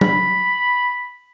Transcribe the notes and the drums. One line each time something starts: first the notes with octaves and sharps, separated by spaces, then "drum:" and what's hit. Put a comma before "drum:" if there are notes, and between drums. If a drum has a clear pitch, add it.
B5, drum: tom F#3